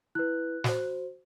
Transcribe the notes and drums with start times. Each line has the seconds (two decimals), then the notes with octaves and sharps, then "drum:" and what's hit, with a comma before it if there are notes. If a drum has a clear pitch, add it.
0.15 E4 B4 F#6
0.64 F#4 C5, drum: snare